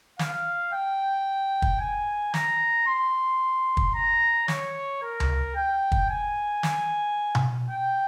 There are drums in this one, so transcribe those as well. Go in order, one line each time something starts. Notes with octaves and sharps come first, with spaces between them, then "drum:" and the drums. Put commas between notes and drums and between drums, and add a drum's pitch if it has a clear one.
F5, drum: snare
G5
drum: kick
G#5
A#5, drum: snare
C6
drum: kick
A#5
C#5, drum: snare
A#4
drum: tom C#2
G5
drum: kick
G#5
drum: snare
drum: tom B2
G5